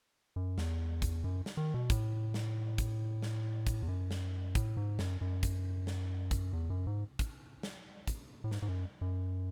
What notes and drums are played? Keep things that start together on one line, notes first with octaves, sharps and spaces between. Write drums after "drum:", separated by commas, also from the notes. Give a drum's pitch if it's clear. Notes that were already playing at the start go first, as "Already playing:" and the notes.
F#2
E2, drum: snare
drum: kick, hi-hat
F#2
drum: snare
D#3
B2
A2, drum: kick, hi-hat
drum: snare
drum: kick, hi-hat
drum: snare
drum: kick, hi-hat
E2
F#2
drum: snare
A2, drum: kick, hi-hat
G#2
F#2, drum: snare
F#2
drum: kick, hi-hat
drum: snare
drum: kick, hi-hat
E2
F#2
G#2
drum: kick, hi-hat
drum: snare
drum: kick, hi-hat
A2
G#2, drum: snare
G#2
F#2
F#2